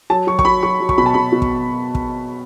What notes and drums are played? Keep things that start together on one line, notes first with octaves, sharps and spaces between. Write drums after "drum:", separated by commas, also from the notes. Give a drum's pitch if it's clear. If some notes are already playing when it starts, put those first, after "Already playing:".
F#3 A5
F#3 C#6
C#6, drum: kick
F#3 B5
F#3 C#6
F#3
C#6, drum: kick
B2 B5
A5
B2 B5
B2
drum: kick
drum: kick